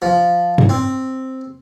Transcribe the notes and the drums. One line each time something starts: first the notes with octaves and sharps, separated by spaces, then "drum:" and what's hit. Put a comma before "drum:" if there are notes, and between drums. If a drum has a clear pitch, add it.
F3
drum: tom G2
C4